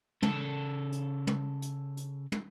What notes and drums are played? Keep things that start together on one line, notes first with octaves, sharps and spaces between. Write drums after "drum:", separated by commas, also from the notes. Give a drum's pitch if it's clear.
C#3 A4, drum: tom
drum: hi-hat
drum: tom
drum: hi-hat
drum: hi-hat
drum: tom